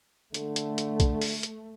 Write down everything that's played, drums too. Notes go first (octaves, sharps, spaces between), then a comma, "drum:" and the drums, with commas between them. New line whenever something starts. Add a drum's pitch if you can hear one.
D3 A3, drum: hi-hat
drum: hi-hat
drum: hi-hat
drum: kick, hi-hat
drum: open hi-hat
drum: hi-hat